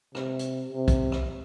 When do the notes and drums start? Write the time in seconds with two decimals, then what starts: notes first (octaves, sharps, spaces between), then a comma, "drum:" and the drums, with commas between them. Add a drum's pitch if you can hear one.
0.15 C3, drum: rim click
0.39 drum: hi-hat
0.72 C3
0.88 drum: kick, hi-hat
1.12 drum: rim click